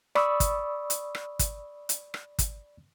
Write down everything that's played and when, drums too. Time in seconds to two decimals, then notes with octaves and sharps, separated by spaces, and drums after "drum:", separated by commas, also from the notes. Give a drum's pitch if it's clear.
0.15 D5 B5 C#6 D#6 E6, drum: rim click
0.40 drum: kick, hi-hat
0.90 drum: hi-hat
1.15 drum: rim click
1.39 drum: kick, hi-hat
1.89 drum: hi-hat
2.14 drum: rim click
2.39 drum: kick, hi-hat